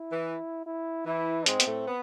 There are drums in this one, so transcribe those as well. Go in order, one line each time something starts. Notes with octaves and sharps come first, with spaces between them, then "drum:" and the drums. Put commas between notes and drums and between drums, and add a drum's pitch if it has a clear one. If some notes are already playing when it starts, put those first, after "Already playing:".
Already playing: E4
E3
E4
E3 E4
G#2 G#3 C4, drum: hi-hat
B3, drum: hi-hat
A2 A3
B3